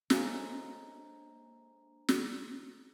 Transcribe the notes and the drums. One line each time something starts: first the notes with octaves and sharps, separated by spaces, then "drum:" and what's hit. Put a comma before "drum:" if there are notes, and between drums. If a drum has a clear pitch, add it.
G#3 A#3 D4 A4 C5 C#5 F5 A#5, drum: snare
drum: snare